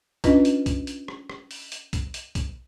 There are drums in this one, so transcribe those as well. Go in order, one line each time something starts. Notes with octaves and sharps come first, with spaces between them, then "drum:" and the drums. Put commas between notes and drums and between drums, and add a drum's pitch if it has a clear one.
C#4 D4 F4 B4 D#5, drum: kick, hi-hat
drum: hi-hat
drum: kick, hi-hat
drum: hi-hat
drum: rim click
drum: rim click
drum: open hi-hat
drum: hi-hat
drum: kick, hi-hat
drum: hi-hat
drum: kick, hi-hat